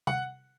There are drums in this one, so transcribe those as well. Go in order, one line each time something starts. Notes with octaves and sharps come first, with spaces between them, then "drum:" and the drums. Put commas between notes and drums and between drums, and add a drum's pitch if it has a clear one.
F#5, drum: tom C3